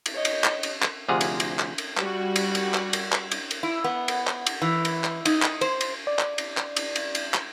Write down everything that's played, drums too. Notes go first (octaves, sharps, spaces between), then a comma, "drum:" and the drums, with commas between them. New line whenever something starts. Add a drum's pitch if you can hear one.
drum: cymbal
C#5 D#5
drum: cymbal
drum: clap
drum: cymbal
drum: clap
D2 C3 F3 G#4 F5 F#5
drum: cymbal
drum: cymbal
drum: clap
drum: cymbal
G3 F#4, drum: clap
drum: cymbal
drum: cymbal
drum: clap
drum: cymbal
drum: clap
drum: cymbal
drum: cymbal
E4
B3
drum: cymbal
drum: clap
drum: cymbal
E3
drum: cymbal
drum: clap
D#4, drum: cymbal
drum: clap
C5, drum: cymbal
drum: cymbal
D5
drum: clap
drum: cymbal
drum: clap
drum: cymbal
drum: cymbal
drum: cymbal
drum: clap